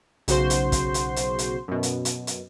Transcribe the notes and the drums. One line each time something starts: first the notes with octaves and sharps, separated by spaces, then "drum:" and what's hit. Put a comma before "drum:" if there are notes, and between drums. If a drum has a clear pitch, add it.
B1 C#3 F#4 C5 C6, drum: hi-hat
drum: hi-hat
drum: kick, hi-hat
drum: hi-hat
drum: hi-hat
drum: hi-hat
F#2 B2
drum: hi-hat
drum: hi-hat
drum: hi-hat